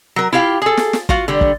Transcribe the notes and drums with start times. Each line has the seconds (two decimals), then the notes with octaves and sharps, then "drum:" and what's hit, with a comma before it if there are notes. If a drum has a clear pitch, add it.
0.16 F#3 A#4
0.32 E4 F4 G4 F5 G5
0.62 G#4 A4
0.77 drum: snare
0.93 drum: snare
1.09 F4 F#4 F5, drum: kick
1.28 D3 G3
1.41 drum: kick